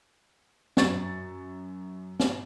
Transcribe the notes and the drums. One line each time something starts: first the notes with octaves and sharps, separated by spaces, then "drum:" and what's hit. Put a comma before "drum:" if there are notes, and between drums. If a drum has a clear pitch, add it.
F#2 C#6 A6, drum: snare
drum: snare